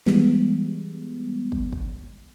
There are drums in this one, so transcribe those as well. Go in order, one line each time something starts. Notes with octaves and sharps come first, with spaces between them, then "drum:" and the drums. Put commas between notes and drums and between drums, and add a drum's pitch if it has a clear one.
E3 G3 G#3 B3, drum: snare
drum: kick
drum: kick